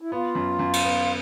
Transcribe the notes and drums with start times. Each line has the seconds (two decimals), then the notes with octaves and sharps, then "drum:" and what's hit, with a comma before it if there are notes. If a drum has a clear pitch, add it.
0.01 E4
0.11 B3 F4
0.35 F#2
0.59 F#2
0.73 drum: cymbal
0.84 B3